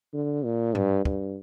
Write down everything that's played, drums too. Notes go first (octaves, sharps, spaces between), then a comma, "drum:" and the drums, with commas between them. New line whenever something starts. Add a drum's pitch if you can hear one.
D3
A#2
G2, drum: tom G#2
G2, drum: kick